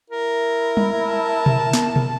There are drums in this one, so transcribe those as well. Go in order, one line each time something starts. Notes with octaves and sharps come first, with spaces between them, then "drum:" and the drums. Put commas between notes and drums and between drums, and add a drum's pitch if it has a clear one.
E4 A#4
drum: tom G3
A5
drum: tom B2
drum: snare
drum: tom B2